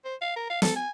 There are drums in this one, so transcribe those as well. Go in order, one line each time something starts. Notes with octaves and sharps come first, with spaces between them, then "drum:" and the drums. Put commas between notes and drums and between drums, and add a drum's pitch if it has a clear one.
C5
F5
A#4
F5
A4, drum: snare
G#5